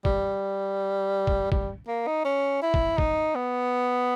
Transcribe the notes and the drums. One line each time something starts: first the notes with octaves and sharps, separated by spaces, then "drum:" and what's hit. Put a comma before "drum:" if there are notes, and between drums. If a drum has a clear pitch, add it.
G3, drum: kick
drum: kick
G3, drum: kick
A#3
D#4
C#4
E4
drum: kick
D#4, drum: kick
B3